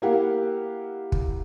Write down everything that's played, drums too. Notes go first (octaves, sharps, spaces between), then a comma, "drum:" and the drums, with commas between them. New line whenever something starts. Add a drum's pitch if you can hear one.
A#3 E4 G4 F5 F#5
drum: kick